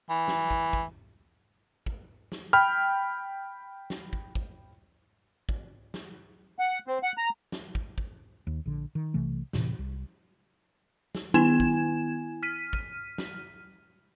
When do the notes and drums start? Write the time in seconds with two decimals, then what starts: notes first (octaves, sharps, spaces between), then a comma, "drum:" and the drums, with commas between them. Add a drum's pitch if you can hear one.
0.10 E3
0.28 drum: snare
0.51 drum: kick
0.73 drum: kick
1.86 drum: kick
2.32 drum: snare
2.53 G5 B5 F6
3.90 drum: snare
4.13 drum: kick
4.35 drum: kick
5.49 drum: kick
5.94 drum: snare
6.59 F#5
6.87 C4
7.03 F#5
7.18 A#5
7.52 drum: snare
7.75 drum: kick
7.98 drum: kick
8.47 D#2
8.66 A#1 D3
8.95 D#3
9.14 B1 C3 E3 A3
9.53 D#1 A2 C3 E3, drum: snare
9.79 C2
11.15 drum: snare
11.34 D#3 B3 E4 G#5 G#6 E7
11.60 drum: kick
12.43 F6 B6 D#7
12.73 drum: kick
13.18 drum: snare